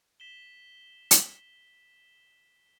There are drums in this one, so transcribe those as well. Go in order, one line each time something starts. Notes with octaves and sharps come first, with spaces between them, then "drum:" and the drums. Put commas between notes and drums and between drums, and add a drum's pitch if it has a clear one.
B6 E7 G7
drum: hi-hat